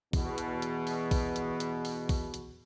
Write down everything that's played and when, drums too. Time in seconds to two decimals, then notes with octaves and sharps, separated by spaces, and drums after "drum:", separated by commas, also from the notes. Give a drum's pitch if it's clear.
0.13 E2 B2, drum: kick A#1, open hi-hat
0.38 drum: hi-hat
0.62 drum: hi-hat
0.87 drum: open hi-hat
1.11 drum: kick A#1, open hi-hat
1.36 drum: hi-hat
1.60 drum: hi-hat
1.85 drum: open hi-hat
2.09 drum: kick A#1, open hi-hat
2.34 drum: hi-hat